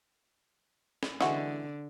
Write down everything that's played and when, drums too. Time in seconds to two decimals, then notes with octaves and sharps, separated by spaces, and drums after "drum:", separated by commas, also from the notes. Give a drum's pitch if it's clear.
1.03 drum: snare
1.21 D3 E3 G#3 F#4, drum: snare